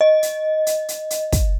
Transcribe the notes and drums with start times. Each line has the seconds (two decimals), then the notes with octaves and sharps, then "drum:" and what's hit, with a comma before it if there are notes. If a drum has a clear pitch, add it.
0.01 D#5
0.23 drum: hi-hat
0.67 drum: hi-hat
0.89 drum: hi-hat
1.10 drum: hi-hat
1.32 drum: kick, hi-hat